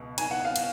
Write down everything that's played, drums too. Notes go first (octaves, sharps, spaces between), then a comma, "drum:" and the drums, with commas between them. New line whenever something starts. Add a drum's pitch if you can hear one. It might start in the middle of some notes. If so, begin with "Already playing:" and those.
Already playing: C#2 B2
G#5, drum: cymbal
F#5
F5
drum: cymbal